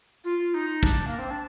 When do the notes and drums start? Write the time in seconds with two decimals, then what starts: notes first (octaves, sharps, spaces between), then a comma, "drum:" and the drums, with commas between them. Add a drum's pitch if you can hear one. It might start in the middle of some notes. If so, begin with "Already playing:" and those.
0.24 F4
0.54 D#4
0.83 D4, drum: kick
1.07 A#3
1.18 C4
1.30 D4